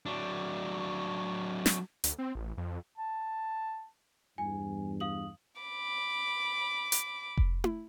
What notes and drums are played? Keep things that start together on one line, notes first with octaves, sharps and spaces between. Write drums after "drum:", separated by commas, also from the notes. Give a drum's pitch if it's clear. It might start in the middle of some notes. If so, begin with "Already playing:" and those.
F#3 D4
drum: snare
D2, drum: hi-hat
C4
A1
F2
A5
E2 G2 G#5
F5 D#6 F#7
B5 D6
drum: hi-hat
drum: kick F1
drum: tom E4